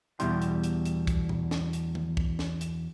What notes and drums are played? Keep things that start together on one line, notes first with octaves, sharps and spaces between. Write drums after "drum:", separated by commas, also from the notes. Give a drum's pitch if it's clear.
E2 B2 G3 E4 G4 C6, drum: hi-hat
drum: hi-hat
drum: hi-hat
drum: hi-hat
drum: kick, hi-hat
drum: tom A#2
drum: snare
drum: hi-hat
drum: tom D#3
drum: kick
drum: snare
drum: hi-hat